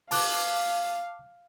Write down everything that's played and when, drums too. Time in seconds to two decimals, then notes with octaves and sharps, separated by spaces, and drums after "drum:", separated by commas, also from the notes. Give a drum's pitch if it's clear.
0.11 F5 A5 D6 F#6, drum: open hi-hat